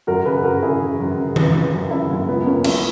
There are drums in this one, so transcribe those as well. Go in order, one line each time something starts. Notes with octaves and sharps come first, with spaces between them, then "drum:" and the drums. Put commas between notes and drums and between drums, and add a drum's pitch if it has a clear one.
F#2 F#4 A#4
C#3 G#4 B4
F#2 F#4 A#4
C#3 E4 G#4
E3
F#2
C#3
E3, drum: tom D#3
E3
F#2
C#3 C#4 E4
F#2 A#3
C#2 B3
C#2 A#3 C#4
F#3 C#4 E4, drum: cymbal